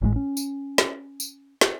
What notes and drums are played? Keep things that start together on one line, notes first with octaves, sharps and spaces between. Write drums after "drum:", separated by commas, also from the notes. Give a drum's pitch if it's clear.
G#1 A2 C#3 G#3
C#4
drum: tambourine
drum: snare
drum: tambourine
drum: snare